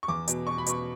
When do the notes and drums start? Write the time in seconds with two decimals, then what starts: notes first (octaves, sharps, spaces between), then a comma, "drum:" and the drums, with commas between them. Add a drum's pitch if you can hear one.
0.03 C#6
0.08 E2 D6
0.28 B2, drum: hi-hat
0.47 B2 C#6
0.58 B5
0.66 B2 C#6, drum: hi-hat